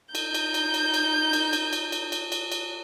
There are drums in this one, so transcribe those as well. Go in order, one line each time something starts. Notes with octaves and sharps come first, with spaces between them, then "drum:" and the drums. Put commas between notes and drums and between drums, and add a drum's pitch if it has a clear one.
D#4 G6, drum: cymbal
drum: cymbal
drum: cymbal
drum: cymbal
drum: cymbal
drum: cymbal
drum: cymbal
drum: cymbal
drum: cymbal
drum: cymbal
drum: cymbal
drum: cymbal